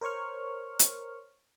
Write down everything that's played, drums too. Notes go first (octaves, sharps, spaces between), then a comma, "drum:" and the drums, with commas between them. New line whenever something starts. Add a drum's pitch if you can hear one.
A#4 C5 C#5 C#6 F6
drum: hi-hat